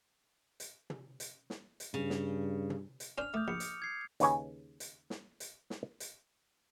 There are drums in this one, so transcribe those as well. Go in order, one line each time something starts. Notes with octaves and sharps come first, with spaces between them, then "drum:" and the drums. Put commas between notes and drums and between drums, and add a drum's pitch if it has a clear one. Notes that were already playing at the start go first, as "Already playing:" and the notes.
drum: hi-hat
drum: tom
drum: hi-hat
drum: snare
drum: hi-hat
G2 C#3
drum: snare
drum: tom
drum: hi-hat
C#4 D4 C5 F6 F7
A3 D6 D#6 G6
A#1 C#7
drum: hi-hat
G#6 C7
D#2 C#3 B4 C#5 G#5, drum: hi-hat
drum: hi-hat
drum: snare
drum: hi-hat
drum: snare
drum: hi-hat